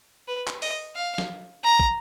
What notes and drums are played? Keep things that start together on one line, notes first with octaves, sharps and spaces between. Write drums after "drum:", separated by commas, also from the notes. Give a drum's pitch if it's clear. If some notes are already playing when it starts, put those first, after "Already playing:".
B4
drum: clap
D#5, drum: open hi-hat
F5
drum: snare
A#5
drum: kick